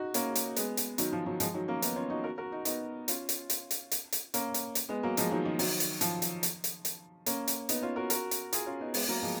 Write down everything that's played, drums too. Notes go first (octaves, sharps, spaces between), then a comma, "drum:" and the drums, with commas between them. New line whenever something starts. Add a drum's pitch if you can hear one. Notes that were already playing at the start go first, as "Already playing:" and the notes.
Already playing: D#4 F#4
A#3 C#4, drum: hi-hat
drum: hi-hat
G#3 B3, drum: hi-hat
drum: hi-hat
D#3 F#3, drum: hi-hat
F3
D#3 F#3
F3 G#3, drum: hi-hat
D#3 F#3
A#3 C#4
B3 D#4, drum: hi-hat
C#4 F4
D#4 F#4
F#4 A#4
F#4 A#4
D#4 F#4
B3 D#4, drum: hi-hat
C#4 F4, drum: hi-hat
drum: hi-hat
drum: hi-hat
drum: hi-hat
drum: hi-hat
drum: hi-hat
A#3 C#4, drum: hi-hat
drum: hi-hat
drum: hi-hat
G#3 B3
F#3 A#3
F3 G#3, drum: hi-hat
D#3 F#3
D#3
D#3 F#3, drum: open hi-hat
drum: hi-hat
F3, drum: hi-hat
drum: hi-hat
drum: hi-hat
drum: hi-hat
drum: hi-hat
A#3 C#4, drum: hi-hat
drum: hi-hat
B3 D#4, drum: hi-hat
C#4 F4
F#4 A#4
F#4 A#4, drum: hi-hat
drum: hi-hat
F4 G#4, drum: hi-hat
C#4 F4
B3 D#4
G#3 B3, drum: open hi-hat
F#3 A#3
F3 G#3